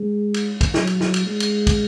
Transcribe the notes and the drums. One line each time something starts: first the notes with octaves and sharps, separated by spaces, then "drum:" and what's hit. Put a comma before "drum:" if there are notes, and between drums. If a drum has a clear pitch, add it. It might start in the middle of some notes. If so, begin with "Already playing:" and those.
Already playing: G#3
drum: cymbal
drum: kick, cymbal
F#3, drum: snare
drum: cymbal
drum: snare
drum: cymbal
G#3
drum: cymbal
drum: kick, cymbal